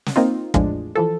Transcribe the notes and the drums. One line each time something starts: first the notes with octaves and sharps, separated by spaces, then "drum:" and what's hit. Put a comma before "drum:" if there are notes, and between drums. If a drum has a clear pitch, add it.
drum: snare
A#3 C4 D#4 F4
E2 A2 F3 G#3 D4, drum: kick
E3 F3 A4